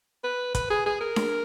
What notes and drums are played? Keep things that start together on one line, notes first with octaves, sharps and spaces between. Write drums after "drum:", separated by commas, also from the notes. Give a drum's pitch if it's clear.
B4
B4, drum: kick, hi-hat
G#4
G#4
A#4
drum: snare D4